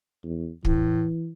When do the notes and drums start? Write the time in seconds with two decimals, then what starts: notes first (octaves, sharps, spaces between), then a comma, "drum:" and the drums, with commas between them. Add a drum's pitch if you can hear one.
0.24 E2
0.65 A2 E3, drum: kick